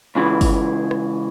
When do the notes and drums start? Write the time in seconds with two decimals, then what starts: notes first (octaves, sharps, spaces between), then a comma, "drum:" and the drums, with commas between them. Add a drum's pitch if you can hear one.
0.15 C#2 C#3 E3
0.41 drum: kick G1, open hi-hat
0.91 drum: rim click